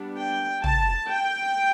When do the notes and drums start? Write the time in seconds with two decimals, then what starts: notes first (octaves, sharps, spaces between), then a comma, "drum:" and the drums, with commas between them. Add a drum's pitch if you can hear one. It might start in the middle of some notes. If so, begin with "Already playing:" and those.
Already playing: G3 B3 D4
0.18 G5
0.64 A5, drum: tom
1.10 G5